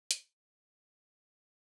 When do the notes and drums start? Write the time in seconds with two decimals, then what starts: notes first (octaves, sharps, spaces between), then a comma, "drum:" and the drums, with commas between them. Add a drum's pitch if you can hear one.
0.11 D4 C5 A5 B5, drum: hi-hat